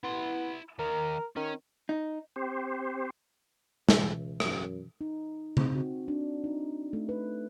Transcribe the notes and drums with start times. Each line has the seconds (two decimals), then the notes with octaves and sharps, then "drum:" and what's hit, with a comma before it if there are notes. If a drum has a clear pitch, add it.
0.04 B3 E4 C6
0.79 D#3 A#3 A#4
1.36 D#3 C#4
1.89 D#4
2.36 C4 G4 C5
3.89 C#2 B2 E3, drum: snare
4.40 F#2, drum: rim click
5.01 D#4
5.57 C4, drum: tom C#3
5.75 F#4
6.08 D4
6.44 D#4
6.93 A3
7.09 B4